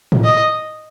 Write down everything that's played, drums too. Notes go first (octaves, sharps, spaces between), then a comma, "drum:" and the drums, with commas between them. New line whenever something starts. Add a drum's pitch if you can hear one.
drum: tom A2
D#5